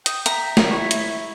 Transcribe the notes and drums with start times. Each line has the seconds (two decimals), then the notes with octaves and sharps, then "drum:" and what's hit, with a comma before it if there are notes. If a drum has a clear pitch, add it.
0.06 G5 D#6, drum: hi-hat
0.26 E5 A#5, drum: hi-hat
0.57 drum: snare
0.70 E4 C#5
0.91 drum: hi-hat